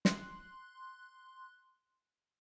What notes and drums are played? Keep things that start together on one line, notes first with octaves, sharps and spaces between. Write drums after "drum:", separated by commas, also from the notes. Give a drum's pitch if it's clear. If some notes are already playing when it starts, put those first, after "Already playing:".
C6 F#6, drum: snare